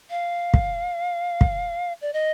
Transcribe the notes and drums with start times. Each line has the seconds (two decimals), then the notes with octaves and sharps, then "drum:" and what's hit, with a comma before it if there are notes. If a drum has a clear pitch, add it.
0.10 F5
0.54 drum: kick
1.41 drum: kick
2.02 D5
2.13 D#5